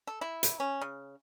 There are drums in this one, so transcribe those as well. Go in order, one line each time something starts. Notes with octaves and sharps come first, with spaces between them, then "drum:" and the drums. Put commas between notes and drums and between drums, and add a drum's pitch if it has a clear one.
A4
E4
drum: hi-hat
C#4
C#3